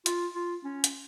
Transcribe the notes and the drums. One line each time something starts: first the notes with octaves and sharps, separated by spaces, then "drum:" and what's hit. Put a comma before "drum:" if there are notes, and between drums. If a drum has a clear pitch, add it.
F4, drum: hi-hat
F4
C#4
drum: hi-hat